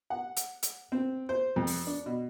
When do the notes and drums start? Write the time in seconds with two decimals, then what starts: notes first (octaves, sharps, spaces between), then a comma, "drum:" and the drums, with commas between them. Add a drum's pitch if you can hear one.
0.10 F#5
0.36 drum: hi-hat
0.63 drum: hi-hat
0.92 C4
1.29 C5
1.56 F2
1.67 drum: open hi-hat
1.87 D4
2.06 B2